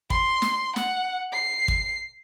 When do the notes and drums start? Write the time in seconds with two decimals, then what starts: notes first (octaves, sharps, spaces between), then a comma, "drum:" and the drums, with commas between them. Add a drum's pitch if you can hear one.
0.10 C6, drum: kick
0.42 drum: snare
0.76 F#5, drum: snare
1.32 C7
1.68 drum: kick